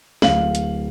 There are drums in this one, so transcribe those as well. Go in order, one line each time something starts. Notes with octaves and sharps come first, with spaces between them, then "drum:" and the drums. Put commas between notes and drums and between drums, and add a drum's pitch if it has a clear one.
D1 F5 F#7, drum: snare
drum: hi-hat